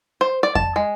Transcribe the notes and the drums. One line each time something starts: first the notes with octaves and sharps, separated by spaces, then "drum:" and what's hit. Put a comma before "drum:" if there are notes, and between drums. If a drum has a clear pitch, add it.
C5
D5
A5, drum: kick F2
G#3